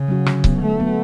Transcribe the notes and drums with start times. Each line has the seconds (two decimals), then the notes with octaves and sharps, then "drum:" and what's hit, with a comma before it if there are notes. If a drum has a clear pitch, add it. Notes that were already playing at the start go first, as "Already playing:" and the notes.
Already playing: C#3
0.08 F#3 C#4 F#4
0.26 D3, drum: rim click
0.44 F#3 B3, drum: kick C#1
0.61 D3 A3
0.80 F#3 B3